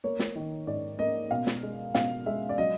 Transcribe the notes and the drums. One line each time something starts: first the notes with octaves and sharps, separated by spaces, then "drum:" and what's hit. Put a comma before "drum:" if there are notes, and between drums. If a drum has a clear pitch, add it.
A#3 C#5
drum: snare
D#3
G#2 D5
A#3 D#5
B2 F5
drum: snare
G#3
B2 F5, drum: snare
G#3 E5
D5
F#3 D#5